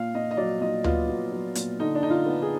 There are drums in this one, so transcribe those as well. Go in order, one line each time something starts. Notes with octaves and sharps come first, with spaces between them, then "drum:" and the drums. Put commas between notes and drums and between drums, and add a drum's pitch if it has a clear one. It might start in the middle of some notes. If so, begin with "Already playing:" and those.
Already playing: A#2 F5
A#2 D#5
D#5
F#3 D5
A#2 D#5
B3 F4, drum: tom D2
F#3
F#3
A#2, drum: hi-hat
D3 D#4
D4
D3 D#4
F4
B3
G#4